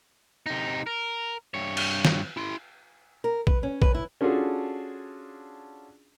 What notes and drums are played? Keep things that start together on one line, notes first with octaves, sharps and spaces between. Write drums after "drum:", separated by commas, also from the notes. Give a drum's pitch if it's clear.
C3 D#4
A#4
G2 C#5
drum: cymbal
drum: snare
E4 C6
A#4
B4, drum: kick
C#4
B4, drum: kick
E4
C#4 D4 F4 F#4 G#4 A4